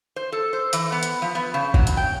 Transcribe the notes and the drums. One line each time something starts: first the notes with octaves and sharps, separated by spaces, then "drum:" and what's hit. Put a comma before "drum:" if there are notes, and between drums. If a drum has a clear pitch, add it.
C5
A4
C5
E3, drum: hi-hat
B3
drum: hi-hat
F3
B3
C#3
F#3, drum: kick G#1
drum: hi-hat
G5